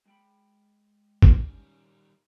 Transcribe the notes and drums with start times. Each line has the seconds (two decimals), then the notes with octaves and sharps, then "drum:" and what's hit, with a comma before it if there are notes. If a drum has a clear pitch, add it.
0.05 G#3 G5 B5
1.22 drum: kick
1.33 D#3 G3 C#4